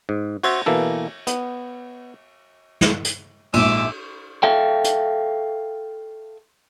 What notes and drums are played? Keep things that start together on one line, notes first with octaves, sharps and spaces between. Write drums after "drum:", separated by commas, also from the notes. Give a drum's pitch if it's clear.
G#2
F#4 C5 E5, drum: cymbal
B2 E3 A#3 A4
B3, drum: hi-hat
drum: snare
drum: hi-hat
A#1 G#2 E5 D6, drum: cymbal
A4 E5 F5 G5
drum: hi-hat